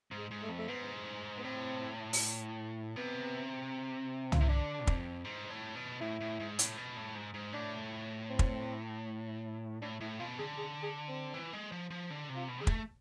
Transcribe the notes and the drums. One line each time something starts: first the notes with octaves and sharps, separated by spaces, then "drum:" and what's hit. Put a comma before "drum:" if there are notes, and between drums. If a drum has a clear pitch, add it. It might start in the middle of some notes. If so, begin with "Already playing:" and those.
G#2
G#3
G#2
A3
F2
A3
G#2 B3
B3
A2 C4
drum: open hi-hat
C3 B3
F4, drum: tom
C3 E4
D3 D4
F2, drum: kick
G#2
A2
B2
A2 E4
A2
G#2
A2, drum: hi-hat
B2
A2
G#2
G#2
A2 D4
C4
drum: kick
A2 D4
A2 E4
B2 F4
D3 G#4
G#4
G#4
C4
E3
G#3
F3
F3
D3
C3
F4
B2
G#4
A3, drum: kick